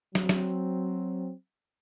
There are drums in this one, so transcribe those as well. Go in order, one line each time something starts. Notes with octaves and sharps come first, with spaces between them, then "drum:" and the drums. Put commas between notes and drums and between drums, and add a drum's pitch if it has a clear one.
F#3 C4, drum: snare
drum: snare